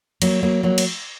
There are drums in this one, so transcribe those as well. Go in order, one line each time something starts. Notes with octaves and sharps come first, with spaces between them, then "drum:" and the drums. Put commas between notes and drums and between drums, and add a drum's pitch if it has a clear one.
F#3 A#3, drum: cymbal
F#3 A#3
F#3 A#3
drum: cymbal